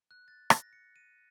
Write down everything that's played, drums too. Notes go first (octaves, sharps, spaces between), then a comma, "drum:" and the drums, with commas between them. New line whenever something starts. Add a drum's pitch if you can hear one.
F#6
A6
A#6, drum: rim click
C#7
D#7